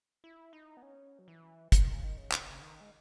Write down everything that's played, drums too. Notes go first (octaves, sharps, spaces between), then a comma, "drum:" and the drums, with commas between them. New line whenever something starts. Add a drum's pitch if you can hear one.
E4
D#4
B3
C#4
F#3
E3
E3, drum: kick, hi-hat
D#3
C#3
D#3
C#3
drum: clap
C#3
D#3
G#3